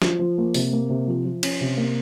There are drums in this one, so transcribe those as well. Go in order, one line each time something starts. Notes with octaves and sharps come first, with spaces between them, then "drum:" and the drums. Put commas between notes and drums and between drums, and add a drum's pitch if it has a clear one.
F3, drum: snare
F3
A#3
C3, drum: open hi-hat
A#3
C3
F3
F3
C#4, drum: cymbal
C3
A#3